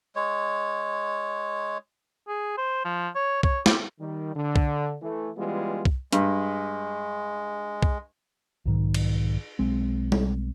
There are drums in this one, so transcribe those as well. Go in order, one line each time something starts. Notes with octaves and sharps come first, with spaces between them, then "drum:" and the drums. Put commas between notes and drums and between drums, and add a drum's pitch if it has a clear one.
G#3 C#5
G#4
C5
F3
C#5
C#5, drum: kick C2
G4, drum: snare
D#3 G3
D3
drum: kick C2
E3 A3
E3 G3 G#3 B3 C#4 F4
drum: kick C2
G2 G#3, drum: hi-hat
drum: kick C2
B1 G#2 D#3
drum: cymbal
B1 G#3 C4
drum: tom G3